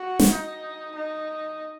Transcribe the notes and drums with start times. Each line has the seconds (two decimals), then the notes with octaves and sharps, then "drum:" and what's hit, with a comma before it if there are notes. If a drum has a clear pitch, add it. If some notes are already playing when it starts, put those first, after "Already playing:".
Already playing: F#4
0.19 drum: snare
0.30 D#4
0.95 D#4